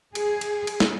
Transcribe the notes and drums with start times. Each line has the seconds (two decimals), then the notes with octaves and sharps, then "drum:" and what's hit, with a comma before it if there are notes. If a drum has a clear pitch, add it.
0.15 G#4, drum: cymbal
0.41 drum: cymbal
0.67 drum: cymbal
0.80 drum: snare